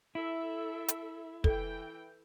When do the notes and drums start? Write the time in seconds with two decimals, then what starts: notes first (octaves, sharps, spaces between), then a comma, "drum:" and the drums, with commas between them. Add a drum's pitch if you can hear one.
0.15 E4 A4 E5
0.88 drum: hi-hat
1.44 E3 A4 G5, drum: kick